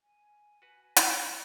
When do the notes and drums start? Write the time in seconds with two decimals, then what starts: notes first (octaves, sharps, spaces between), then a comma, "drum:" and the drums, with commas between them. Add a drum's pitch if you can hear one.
0.01 G#5
0.62 F#4 B4
0.96 drum: hi-hat